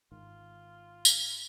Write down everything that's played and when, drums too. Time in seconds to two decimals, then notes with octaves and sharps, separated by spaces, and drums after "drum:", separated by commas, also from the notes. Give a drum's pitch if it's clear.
0.11 G#1 G#2 D#3 F4
1.05 drum: tambourine